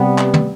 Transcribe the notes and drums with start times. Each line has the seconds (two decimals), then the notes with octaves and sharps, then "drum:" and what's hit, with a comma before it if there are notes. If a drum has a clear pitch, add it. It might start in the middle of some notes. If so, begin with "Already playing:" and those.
Already playing: C3 G3 B3
0.18 drum: clap
0.34 drum: tom